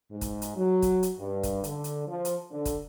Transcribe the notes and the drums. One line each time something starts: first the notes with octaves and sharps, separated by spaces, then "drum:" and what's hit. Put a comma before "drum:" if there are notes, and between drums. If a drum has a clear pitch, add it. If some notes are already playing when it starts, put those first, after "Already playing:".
G#2
drum: kick, hi-hat
drum: hi-hat
F#3
drum: kick, hi-hat
drum: hi-hat
G2
drum: kick, hi-hat
D3, drum: hi-hat
drum: hi-hat
F3
drum: hi-hat
D3
drum: kick, hi-hat